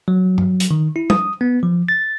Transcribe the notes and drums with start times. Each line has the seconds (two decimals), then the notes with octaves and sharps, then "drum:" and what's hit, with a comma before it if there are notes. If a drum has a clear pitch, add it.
0.08 F#3
0.38 drum: tom G2
0.60 drum: hi-hat
0.71 D#3
0.96 E4
1.10 D#6, drum: tom
1.41 B3
1.63 F3
1.89 A6